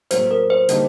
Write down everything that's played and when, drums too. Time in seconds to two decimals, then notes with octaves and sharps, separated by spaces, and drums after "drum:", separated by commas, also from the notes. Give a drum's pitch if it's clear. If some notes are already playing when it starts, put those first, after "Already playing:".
0.11 A2 F#3 A#3 C5, drum: hi-hat
0.31 A#4
0.50 C5
0.69 D3 G3 A#3 D#4 G4, drum: hi-hat